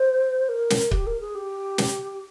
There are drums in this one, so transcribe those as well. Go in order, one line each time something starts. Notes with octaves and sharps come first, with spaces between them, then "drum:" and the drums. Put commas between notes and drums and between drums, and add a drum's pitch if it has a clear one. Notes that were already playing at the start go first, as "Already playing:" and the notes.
Already playing: C5
A#4
drum: snare
G4, drum: kick C#1
A#4
G#4
G4
drum: snare